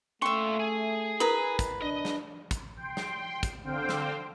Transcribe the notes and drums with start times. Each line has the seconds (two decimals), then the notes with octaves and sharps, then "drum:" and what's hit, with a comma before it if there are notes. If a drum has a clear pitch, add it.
0.22 A#2 A3 C#4 E5 C6 C#6
0.60 G#4 G#5
1.20 E4 A#4 B4 A#5 D#6
1.59 drum: kick, hi-hat
1.82 D4 D#5
2.05 drum: snare
2.51 drum: kick, hi-hat
2.76 G5 C6
2.97 drum: snare
3.43 drum: kick, hi-hat
3.63 D3 C4 C5 F5 G5
3.89 drum: snare